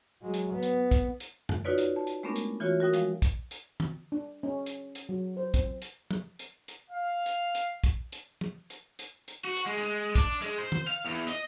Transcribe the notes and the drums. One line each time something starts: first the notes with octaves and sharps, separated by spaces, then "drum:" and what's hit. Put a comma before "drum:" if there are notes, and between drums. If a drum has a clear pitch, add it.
F#3 G#3
drum: hi-hat
B3
drum: hi-hat
drum: kick, hi-hat
drum: hi-hat
drum: tom F#2
D#4 F4 F#4 B4 C#5 D5
drum: hi-hat
A5
drum: hi-hat
G#3 A3 B3 C#4 D4 A#4
drum: hi-hat
E3 F4 F#4 C#5
F#4 A#4 G5 D#6
F3 G#3 F5, drum: hi-hat
drum: kick, hi-hat
drum: hi-hat
drum: tom D#3
D4
C#4
drum: hi-hat
drum: hi-hat
F#3
C5
C4, drum: kick, hi-hat
drum: hi-hat
drum: tom F3
drum: hi-hat
drum: hi-hat
F5
drum: hi-hat
drum: hi-hat
drum: kick, hi-hat
drum: hi-hat
drum: tom F3
drum: hi-hat
drum: hi-hat
drum: hi-hat
F#4
drum: hi-hat
G#3
G#3
D4, drum: kick, hi-hat
G#3, drum: hi-hat
C5
drum: tom D#3
F5
E2
D#5, drum: hi-hat